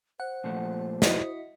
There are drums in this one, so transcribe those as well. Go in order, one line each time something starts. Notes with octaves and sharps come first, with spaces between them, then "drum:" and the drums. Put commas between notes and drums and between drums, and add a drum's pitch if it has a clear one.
C5 F#5
A#2 F3 A3
E4 F#4 D#5, drum: snare